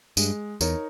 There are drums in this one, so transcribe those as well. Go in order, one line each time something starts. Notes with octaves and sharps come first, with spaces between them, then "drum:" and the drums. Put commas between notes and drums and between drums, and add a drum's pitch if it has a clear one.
G2 G#3, drum: tambourine
E2 D#4 A#4 C#5, drum: tambourine